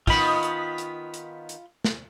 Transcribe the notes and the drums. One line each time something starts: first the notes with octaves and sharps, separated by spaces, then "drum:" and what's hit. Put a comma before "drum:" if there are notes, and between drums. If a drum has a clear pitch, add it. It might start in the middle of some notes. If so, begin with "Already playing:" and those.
D#3 B3 F4 B5, drum: kick, open hi-hat
drum: hi-hat
drum: hi-hat
drum: hi-hat
drum: hi-hat
drum: snare